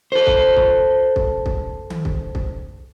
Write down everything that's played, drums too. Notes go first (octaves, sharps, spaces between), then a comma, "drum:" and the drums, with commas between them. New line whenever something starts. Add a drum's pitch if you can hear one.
A4 C5
drum: kick
drum: kick
drum: kick
drum: kick
drum: tom D#3
drum: kick
drum: kick